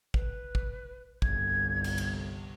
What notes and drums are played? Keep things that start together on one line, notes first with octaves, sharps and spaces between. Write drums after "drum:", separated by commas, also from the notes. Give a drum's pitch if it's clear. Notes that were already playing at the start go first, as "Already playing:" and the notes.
B4, drum: kick
drum: kick
G1 C2 G#6, drum: kick
drum: cymbal
drum: cymbal